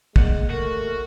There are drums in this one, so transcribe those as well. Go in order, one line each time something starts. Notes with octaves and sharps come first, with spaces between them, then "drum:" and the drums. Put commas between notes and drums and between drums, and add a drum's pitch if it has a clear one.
G#3 A#3 D5 F#5, drum: kick
A3 F#4 A#4